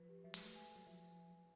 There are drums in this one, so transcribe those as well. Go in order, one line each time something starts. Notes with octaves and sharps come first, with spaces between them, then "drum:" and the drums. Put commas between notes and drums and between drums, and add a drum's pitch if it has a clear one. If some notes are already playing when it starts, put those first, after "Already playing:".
Already playing: F3 B4
G4
F#3 E5
G#3, drum: hi-hat
A3 B4
G#5
F#3 G#5
F3 E5